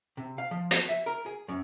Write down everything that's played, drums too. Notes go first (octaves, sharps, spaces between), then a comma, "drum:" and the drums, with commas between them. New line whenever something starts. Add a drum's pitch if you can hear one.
C3
F5
F3
drum: hi-hat
E5
A#4
G#4
F#2